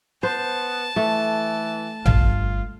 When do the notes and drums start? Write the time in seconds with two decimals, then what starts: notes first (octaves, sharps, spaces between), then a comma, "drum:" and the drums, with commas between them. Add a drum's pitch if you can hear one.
0.23 B3 C5 A5
0.96 E3 A3
2.06 G1 G2 F4, drum: tom A#1